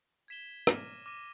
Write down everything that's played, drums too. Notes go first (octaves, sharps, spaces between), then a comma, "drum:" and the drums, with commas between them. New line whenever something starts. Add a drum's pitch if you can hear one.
G#6 B6 E7 G7
D6 F6 A#6 D#7, drum: rim click
D6 F6 A#6 D#7